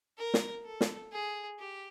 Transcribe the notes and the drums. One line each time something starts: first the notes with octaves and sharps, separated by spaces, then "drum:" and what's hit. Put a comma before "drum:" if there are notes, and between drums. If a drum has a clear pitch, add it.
A#4
drum: snare
A4
drum: snare
G#4
G4